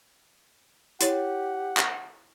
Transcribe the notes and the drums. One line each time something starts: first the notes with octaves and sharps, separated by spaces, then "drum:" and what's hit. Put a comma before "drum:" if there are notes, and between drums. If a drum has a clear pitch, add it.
E4 G4 C#5 F#5, drum: hi-hat
drum: clap